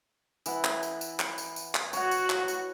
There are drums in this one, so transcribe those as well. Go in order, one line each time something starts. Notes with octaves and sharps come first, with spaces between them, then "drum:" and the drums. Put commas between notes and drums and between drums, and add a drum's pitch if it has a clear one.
E3 F#5, drum: tambourine
drum: clap
drum: tambourine
drum: tambourine
drum: clap
drum: tambourine
drum: tambourine
drum: clap
F#4 C#5 F#5, drum: tambourine
drum: tambourine
drum: clap
drum: tambourine